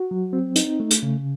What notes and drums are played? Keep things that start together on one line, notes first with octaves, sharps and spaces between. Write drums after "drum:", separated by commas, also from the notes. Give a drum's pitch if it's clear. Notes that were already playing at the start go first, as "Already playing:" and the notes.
Already playing: F#4
F#3
C4
D#4, drum: hi-hat
A3
drum: hi-hat
C#3